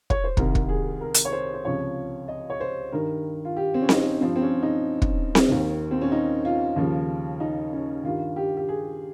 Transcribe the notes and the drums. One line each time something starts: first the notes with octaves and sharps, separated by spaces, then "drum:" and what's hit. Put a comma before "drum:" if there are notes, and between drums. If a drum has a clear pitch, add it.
C#5, drum: kick
C5
C2 C3 D#3 A#4, drum: kick
drum: kick
G#4
A#4
drum: hi-hat
C#5
C5
C5
C#2 C3 F3 C#5
D#5
C#5
C5
G2 D#3 A#4
F4
G4
C4
C#4
D#4, drum: snare C4
G2 F3 C4
C4
C#4
D#4
drum: kick
drum: snare C4
D#2 D#3
C4
C#4
D#4
F4
D#2 C#3 F3
D#4
C#4
G2 D#3 F4
G4
G4
G#4